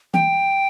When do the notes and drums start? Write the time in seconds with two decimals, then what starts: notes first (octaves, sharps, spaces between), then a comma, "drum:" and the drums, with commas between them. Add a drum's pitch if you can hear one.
0.14 G5, drum: tom E3